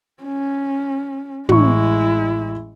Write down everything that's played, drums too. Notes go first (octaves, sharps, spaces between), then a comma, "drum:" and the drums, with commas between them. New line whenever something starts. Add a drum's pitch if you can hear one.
C#4
A1 G#3 E4 C#6, drum: tom